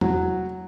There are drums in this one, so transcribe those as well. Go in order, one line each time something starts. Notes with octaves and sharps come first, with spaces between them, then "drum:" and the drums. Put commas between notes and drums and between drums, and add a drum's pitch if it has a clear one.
F#3, drum: tom E2